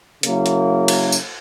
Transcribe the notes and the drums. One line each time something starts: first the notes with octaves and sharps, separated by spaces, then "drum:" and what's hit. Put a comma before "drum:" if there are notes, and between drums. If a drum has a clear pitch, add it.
C#3 F#3 A#3 E4, drum: hi-hat
drum: hi-hat
drum: cymbal
drum: tambourine